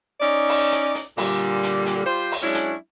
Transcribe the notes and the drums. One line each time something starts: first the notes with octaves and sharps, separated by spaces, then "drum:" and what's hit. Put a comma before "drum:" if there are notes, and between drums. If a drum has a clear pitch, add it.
C#4 D#4 D5
drum: open hi-hat
drum: hi-hat
drum: hi-hat
A#2 D3 G3, drum: open hi-hat
drum: hi-hat
drum: hi-hat
G3 F4 G4 C5
drum: open hi-hat
F#3 G#3 C#4 D4 E4 F#4
drum: hi-hat